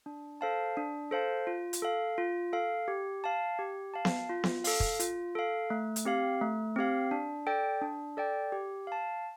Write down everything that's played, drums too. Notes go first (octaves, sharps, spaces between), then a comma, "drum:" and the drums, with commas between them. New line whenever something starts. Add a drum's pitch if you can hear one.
D4
A4 C5 F5 A5
D4
A4 C5 F5 A5
F4
drum: hi-hat
A4 F5
F4
A4 F5
G4
F5 A5
G4
F5 A5
drum: snare B3
F4
drum: snare B3
A4 F5, drum: open hi-hat
drum: kick
F4, drum: hi-hat
A4 F5
A3
drum: hi-hat
C4 G4 F5
A3
C4 G4 F5
D4
A4 D5 G5
D4
A4 D5 G5
G4
F5 A5